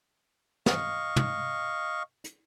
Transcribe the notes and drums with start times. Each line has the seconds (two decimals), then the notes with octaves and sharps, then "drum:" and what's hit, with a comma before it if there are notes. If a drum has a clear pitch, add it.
0.66 D#5 F5 C#6, drum: snare
1.16 drum: tom
2.24 drum: hi-hat